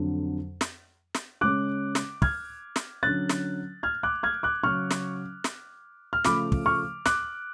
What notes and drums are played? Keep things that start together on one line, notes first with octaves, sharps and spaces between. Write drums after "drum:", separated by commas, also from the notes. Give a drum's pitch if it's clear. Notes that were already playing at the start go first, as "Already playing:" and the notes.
Already playing: F2 D3 F#3
drum: snare
drum: snare
C#3 G#3 C#4 D6 F#6
drum: snare
F6 G#6, drum: kick
drum: snare
D3 F#3 C#4 F#6 A6
drum: snare
F6 G#6
D6 F#6
F6 G#6
D6 F#6
C#3 F#3 C#4 C#6 F6
drum: snare
drum: snare
F6
C#3 F3 A3 B5 D6, drum: snare
drum: kick
C#6 F6
D6 F#6, drum: snare